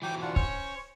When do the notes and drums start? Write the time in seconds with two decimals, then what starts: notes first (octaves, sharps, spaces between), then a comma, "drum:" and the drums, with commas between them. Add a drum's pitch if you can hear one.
0.03 E3 F#3 G5 D6
0.22 D4 F4 F#5
0.36 C#4 C5 C#5, drum: kick